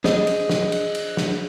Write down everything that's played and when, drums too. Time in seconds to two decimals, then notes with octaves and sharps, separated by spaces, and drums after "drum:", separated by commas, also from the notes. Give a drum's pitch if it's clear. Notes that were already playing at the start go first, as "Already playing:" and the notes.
0.04 D4 G#4 C5 D#5, drum: snare
0.27 drum: cymbal
0.50 drum: snare
0.72 drum: cymbal
0.95 drum: cymbal
1.17 drum: snare